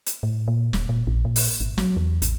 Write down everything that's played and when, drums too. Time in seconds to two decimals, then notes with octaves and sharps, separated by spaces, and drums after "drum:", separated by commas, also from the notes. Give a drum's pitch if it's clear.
0.06 drum: hi-hat
0.23 A2
0.48 A#2
0.73 D#1, drum: snare
0.89 A#2
1.07 A#1
1.25 A#2
1.36 drum: open hi-hat
1.60 G#1
1.78 F#3, drum: snare
1.96 E2
2.22 A1, drum: hi-hat